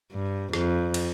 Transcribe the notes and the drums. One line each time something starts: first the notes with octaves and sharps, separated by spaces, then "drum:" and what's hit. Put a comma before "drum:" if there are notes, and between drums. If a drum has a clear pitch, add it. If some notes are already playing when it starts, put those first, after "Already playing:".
G2
F2, drum: rim click
drum: cymbal